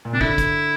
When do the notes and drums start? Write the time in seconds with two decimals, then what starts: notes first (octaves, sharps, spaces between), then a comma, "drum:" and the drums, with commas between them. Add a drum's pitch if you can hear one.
0.05 A#2
0.13 C3 D4
0.21 D3 E4, drum: kick
0.38 drum: kick, hi-hat